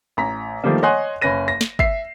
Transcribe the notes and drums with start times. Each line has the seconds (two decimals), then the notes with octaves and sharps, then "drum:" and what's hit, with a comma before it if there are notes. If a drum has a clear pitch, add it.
0.17 A1 A#5 B6
0.63 D#3 F3 G3 A3 A#3 D4
0.83 C#5 D#5 F#5 G#5 C6 F#6
1.22 F#1 C#4 B4 A#6 D#7
1.48 A#6
1.61 drum: snare
1.79 E5 C7, drum: kick